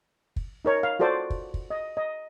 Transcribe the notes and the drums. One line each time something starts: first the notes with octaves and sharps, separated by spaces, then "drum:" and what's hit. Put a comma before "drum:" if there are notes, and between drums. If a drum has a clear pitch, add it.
drum: kick
D#4 A#4 C#5
F5
F4 F#4 A4 C5 D5 D6
drum: kick
drum: kick
D#5
D#5